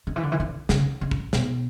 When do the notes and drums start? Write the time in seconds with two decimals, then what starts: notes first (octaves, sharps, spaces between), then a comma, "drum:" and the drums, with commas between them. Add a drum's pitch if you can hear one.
0.07 D3
0.16 E3
0.23 D3
0.32 E3
0.40 D3
0.69 C#3, drum: snare
1.01 C#3
1.11 drum: kick
1.33 B2, drum: snare